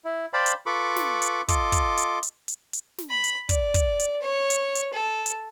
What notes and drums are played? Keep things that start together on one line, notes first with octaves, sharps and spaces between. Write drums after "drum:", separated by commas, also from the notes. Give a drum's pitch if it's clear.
E4
C5 D5 F5 G5 A5 B5
drum: hi-hat
F4 A4 B4 B5 C#6 D6
drum: snare
drum: hi-hat
F4 A4 D#5 C6 D6, drum: kick, hi-hat
drum: kick, hi-hat
drum: hi-hat
drum: hi-hat
drum: hi-hat
drum: hi-hat
drum: snare
B5
drum: hi-hat
D5, drum: kick, hi-hat
drum: kick, hi-hat
drum: hi-hat
C#5
drum: hi-hat
drum: hi-hat
A4
drum: hi-hat